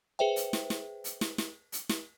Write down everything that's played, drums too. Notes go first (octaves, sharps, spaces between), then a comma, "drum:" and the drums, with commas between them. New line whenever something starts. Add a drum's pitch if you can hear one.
G#4 B4 C5 E5 G5
drum: hi-hat
drum: snare
drum: snare
drum: hi-hat
drum: snare
drum: snare
drum: hi-hat
drum: snare